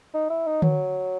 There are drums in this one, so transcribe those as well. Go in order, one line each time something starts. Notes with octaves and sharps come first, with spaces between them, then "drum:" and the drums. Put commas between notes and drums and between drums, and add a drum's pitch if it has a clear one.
D#4
E4
D#4
F#3, drum: tom D3